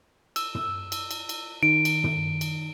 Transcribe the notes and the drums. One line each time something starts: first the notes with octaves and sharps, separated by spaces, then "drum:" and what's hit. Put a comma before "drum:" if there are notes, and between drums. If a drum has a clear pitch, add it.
E6, drum: cymbal
drum: tom
drum: cymbal
drum: cymbal
drum: cymbal
D#3 D7
drum: cymbal
drum: tom
drum: cymbal